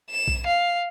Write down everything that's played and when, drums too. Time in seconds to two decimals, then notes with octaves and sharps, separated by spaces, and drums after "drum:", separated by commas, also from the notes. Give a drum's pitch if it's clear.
0.11 E7
0.28 drum: kick B1
0.47 F5